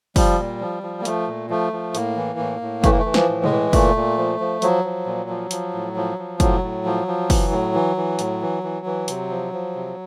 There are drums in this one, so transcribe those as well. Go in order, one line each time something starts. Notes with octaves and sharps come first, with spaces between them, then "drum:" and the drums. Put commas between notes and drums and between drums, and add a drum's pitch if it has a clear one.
F3 G3, drum: kick, open hi-hat
A#2
F3
F3
A#3
F3 A3, drum: hi-hat
A#2
F3 A3
F3
A2 A#3, drum: hi-hat
E3
A2
A2
E3 A3, drum: kick, hi-hat
A#3
A3
E3
F3, drum: snare
A2
G#3, drum: tom
E3
A#2 A3, drum: kick, open hi-hat
A#2
F3
F3
F3 F#3, drum: hi-hat
F3
A#2
F3
F3, drum: hi-hat
A2
F3
F3
A2 F#3, drum: kick, hi-hat
A2
F3
F3
E3, drum: kick, open hi-hat
A2
E3
E3
A2, drum: hi-hat
E3
E3
E3
C3, drum: hi-hat
F3
F3
C3